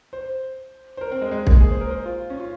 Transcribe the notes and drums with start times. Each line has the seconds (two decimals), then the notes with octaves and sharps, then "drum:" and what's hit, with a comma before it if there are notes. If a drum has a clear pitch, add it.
0.13 C5
0.97 C5
1.01 A#4
1.12 C4
1.21 G#3
1.31 G#3
1.47 A#3, drum: kick
1.61 G#4
1.71 C5
1.81 A#4
1.91 C5
2.05 F4
2.30 C#4
2.40 F4